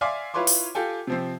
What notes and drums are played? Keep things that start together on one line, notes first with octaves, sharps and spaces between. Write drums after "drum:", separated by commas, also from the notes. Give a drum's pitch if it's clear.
D5 E5 F5 G#5 C6 D6
E4 F4 B4 C#5 C6 D6
drum: open hi-hat
F4 G4 A4 G5 G#5
C3 F3 C4